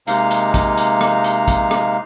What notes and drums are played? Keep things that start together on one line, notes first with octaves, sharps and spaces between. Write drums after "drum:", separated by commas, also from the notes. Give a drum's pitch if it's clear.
C3 G#3 A#3 D#4 F5, drum: hi-hat
drum: hi-hat
drum: kick, hi-hat
drum: hi-hat
drum: rim click
drum: hi-hat
drum: kick, hi-hat
drum: rim click